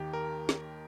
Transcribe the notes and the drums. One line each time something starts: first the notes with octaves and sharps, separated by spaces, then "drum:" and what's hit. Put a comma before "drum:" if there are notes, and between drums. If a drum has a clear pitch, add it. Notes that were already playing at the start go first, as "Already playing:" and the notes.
Already playing: D#2 D#3 A#3 G4
A#4
drum: snare